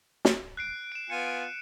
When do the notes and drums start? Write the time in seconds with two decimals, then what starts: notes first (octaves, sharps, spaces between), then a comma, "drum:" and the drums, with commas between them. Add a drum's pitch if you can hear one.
0.25 drum: snare
0.57 F#6 C7 D7
0.92 D7 E7
1.10 B3 F4 G#5 C#7 D#7